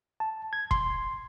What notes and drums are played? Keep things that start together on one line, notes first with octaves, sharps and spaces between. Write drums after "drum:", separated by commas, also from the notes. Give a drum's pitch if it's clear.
A5
G#6
C6, drum: kick E1